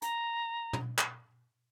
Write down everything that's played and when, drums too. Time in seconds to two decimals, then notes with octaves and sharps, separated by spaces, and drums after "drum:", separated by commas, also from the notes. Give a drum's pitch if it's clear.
0.02 A#5, drum: hi-hat
0.73 drum: tom
0.98 drum: clap